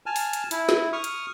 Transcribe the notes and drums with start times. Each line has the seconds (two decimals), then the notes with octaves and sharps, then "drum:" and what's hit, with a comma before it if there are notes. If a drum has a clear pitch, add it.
0.06 G#5 A5 F6
0.16 drum: open hi-hat
0.33 drum: hi-hat
0.51 E4, drum: hi-hat
0.69 drum: snare
0.93 C#6 D#6 F6
1.04 drum: hi-hat